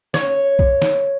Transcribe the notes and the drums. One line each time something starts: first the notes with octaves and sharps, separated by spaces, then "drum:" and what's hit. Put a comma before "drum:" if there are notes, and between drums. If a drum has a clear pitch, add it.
C#5, drum: snare
drum: kick
drum: snare